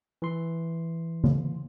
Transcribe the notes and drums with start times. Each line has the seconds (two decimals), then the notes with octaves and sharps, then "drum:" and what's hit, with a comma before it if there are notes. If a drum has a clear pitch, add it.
0.22 E3 C6
1.24 drum: tom C#3